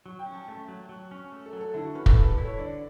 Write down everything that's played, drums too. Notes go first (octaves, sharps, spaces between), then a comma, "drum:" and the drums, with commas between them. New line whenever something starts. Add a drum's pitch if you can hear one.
F#3
G5
C#4
A5
A3
F#3
F#3
C#4
A3
A4
F#3
A4
D3 E4
F#4
C#4 B4
A4, drum: kick
G3 B4
A4
E4
C#5
D3 D5